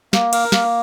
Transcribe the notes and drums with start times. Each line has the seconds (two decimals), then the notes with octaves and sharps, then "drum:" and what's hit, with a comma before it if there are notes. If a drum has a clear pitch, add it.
0.13 A#3, drum: snare
0.33 A#4, drum: cymbal
0.52 A#3, drum: snare